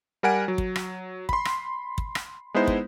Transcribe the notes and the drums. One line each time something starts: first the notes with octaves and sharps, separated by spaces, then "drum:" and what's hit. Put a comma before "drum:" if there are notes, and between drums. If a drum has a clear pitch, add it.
G3 A#4 F#5 G#5 D7
F#3
drum: kick
drum: rim click
B5 C6, drum: kick
drum: rim click
drum: kick
drum: rim click
G#3 B3 D#4 E4 C5
drum: kick